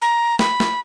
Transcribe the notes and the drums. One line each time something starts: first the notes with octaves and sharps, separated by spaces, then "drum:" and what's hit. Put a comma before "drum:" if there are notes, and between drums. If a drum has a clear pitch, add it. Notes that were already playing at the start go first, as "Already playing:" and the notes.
A#5
B5, drum: snare
drum: snare